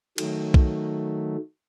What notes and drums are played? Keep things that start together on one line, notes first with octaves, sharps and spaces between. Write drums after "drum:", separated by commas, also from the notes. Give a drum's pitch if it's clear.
D#3 F#3 A3, drum: cymbal
drum: kick